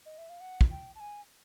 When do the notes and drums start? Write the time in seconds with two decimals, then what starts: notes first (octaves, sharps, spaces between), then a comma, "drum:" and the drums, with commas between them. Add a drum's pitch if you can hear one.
0.06 D#5
0.18 E5
0.30 F5
0.41 F#5
0.61 drum: kick
0.71 G5
0.95 A5
1.00 G#5